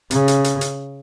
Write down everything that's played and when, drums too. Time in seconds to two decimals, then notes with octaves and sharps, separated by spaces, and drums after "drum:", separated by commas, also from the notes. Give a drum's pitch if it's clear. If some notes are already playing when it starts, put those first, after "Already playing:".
0.11 C#3, drum: hi-hat
0.28 drum: hi-hat
0.44 drum: hi-hat
0.61 drum: hi-hat